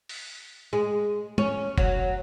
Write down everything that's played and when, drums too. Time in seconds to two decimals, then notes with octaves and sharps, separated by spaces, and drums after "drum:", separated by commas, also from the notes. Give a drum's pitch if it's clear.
0.09 drum: open hi-hat
0.73 G#3
1.38 C#4, drum: tom
1.78 F#3, drum: kick F1